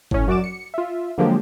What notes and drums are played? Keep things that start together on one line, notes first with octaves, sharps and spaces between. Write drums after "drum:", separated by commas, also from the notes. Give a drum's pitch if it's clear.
A2 C#4, drum: kick G1
F#2 F#4 D5 D6 E7
C#7
F4 E5
D3 F3 F#3 G#3 A#3 G4